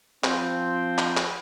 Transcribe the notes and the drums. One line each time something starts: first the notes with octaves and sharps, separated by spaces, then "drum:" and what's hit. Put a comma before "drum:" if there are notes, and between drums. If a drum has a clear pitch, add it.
F3 C4, drum: clap
drum: clap
drum: clap